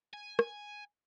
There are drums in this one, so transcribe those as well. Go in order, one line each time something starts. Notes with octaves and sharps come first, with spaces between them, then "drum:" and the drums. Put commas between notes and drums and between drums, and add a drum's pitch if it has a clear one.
G#5
drum: rim click